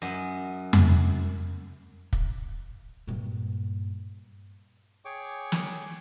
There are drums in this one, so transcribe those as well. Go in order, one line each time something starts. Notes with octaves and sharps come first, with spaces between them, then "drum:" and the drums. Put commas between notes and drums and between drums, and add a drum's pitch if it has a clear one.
F#2 D#5
drum: tom F2
drum: kick
G2 A#2
G#4 C#5 G5 C#6 D6
drum: snare